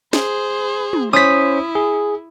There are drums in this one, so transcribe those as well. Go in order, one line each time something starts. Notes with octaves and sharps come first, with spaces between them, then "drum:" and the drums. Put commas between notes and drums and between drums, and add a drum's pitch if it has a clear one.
G#4 C5, drum: snare
drum: tom
C#4 E4 C5 C#5 D#6 B6
G#4